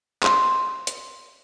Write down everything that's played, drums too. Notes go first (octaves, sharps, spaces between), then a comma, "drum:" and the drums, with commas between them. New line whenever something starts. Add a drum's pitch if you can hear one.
C6, drum: clap
drum: hi-hat